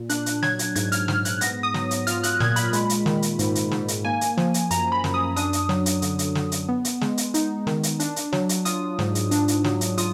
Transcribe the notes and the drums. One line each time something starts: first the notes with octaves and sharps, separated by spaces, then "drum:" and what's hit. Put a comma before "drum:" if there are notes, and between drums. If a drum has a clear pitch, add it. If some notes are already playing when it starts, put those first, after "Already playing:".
Already playing: A#2
D4 F#6, drum: hi-hat
drum: hi-hat
F#3 G#6, drum: snare
drum: hi-hat
G#2 G#6, drum: hi-hat
F6, drum: hi-hat
G#2 F6, drum: snare
F#6, drum: hi-hat
B3 A#6, drum: hi-hat
D#6
F#3, drum: snare
drum: hi-hat
F4 F6, drum: hi-hat
F#6, drum: hi-hat
A#2 G#6, drum: snare
B5, drum: hi-hat
G#3, drum: hi-hat
drum: hi-hat
D#3, drum: snare
drum: hi-hat
G#2, drum: hi-hat
drum: hi-hat
G#2, drum: snare
drum: hi-hat
A#3 G#5
drum: hi-hat
F3, drum: snare
drum: hi-hat
F#2 A#5, drum: hi-hat
B5
F#2, drum: snare
D#6
D4 D#6, drum: hi-hat
drum: hi-hat
F#3, drum: snare
drum: hi-hat
D3, drum: hi-hat
drum: hi-hat
D3, drum: snare
drum: hi-hat
B3
drum: hi-hat
G#3, drum: snare
drum: hi-hat
D#4, drum: hi-hat
D#3, drum: snare
drum: hi-hat
D4, drum: hi-hat
drum: hi-hat
F#3, drum: snare
drum: hi-hat
F4 D#6, drum: hi-hat
G#2, drum: snare
drum: hi-hat
D4, drum: hi-hat
drum: hi-hat
F#3, drum: snare
drum: hi-hat
F4 D#6, drum: hi-hat